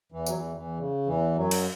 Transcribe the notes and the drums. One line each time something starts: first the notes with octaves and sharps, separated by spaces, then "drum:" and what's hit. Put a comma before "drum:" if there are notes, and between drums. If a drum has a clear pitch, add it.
E2 E3
F#3, drum: tambourine
E2 E3
D#3
E2 E3
C#3
E2 E3
F#2 F#3
drum: cymbal